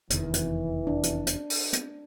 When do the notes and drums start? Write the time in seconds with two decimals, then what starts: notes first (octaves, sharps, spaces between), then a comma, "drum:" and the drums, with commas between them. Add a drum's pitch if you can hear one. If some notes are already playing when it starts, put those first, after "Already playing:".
0.10 F1 E2 D#3 E3, drum: hi-hat
0.34 drum: hi-hat
0.87 D4
1.03 drum: hi-hat
1.27 drum: hi-hat
1.50 drum: open hi-hat
1.73 drum: hi-hat